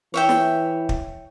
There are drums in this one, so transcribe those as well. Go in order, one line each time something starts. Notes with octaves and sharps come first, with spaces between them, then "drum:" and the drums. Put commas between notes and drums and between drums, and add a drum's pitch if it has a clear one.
E3 C#5 E5 G5
drum: snare
drum: kick